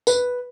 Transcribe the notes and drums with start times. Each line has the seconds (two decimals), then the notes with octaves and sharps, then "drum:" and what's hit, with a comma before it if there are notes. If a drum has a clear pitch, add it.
0.07 B4, drum: tambourine